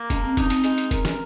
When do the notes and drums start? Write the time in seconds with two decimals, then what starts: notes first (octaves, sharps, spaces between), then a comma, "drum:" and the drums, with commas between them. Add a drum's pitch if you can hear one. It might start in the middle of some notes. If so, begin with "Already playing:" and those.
Already playing: A#3
0.10 G#3 C#4, drum: kick, hi-hat
0.24 C4
0.37 C#4 D#4, drum: kick, hi-hat
0.50 C4, drum: hi-hat
0.64 G#3, drum: hi-hat
0.78 drum: hi-hat
0.91 A#4, drum: kick, hi-hat
1.05 drum: snare